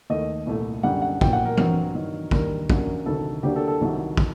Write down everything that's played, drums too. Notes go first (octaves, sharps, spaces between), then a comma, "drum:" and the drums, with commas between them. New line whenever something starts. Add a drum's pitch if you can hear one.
D#2 D#3 A3 D#5
C2 A#2 A3
F#2 D3 G3 F#5
F#5
A#1 A#2 F#3 G5, drum: kick
F#5
A#4
G2 F#3 C4, drum: tom E3
G2 D#3 F#3
D#2 D#3 G3 D4 A#4, drum: kick
F#2 F#3 A#3 D4, drum: kick
D2 C3 D#3 F#3 A4
D2 D3 F#3 A#3 D4 G4
A4
A4
C2 C3 D#3 F#3
drum: kick